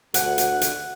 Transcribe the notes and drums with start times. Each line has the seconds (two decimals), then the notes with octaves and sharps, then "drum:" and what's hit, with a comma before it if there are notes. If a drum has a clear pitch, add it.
0.14 D2 F#5, drum: hi-hat
0.38 drum: hi-hat
0.61 drum: hi-hat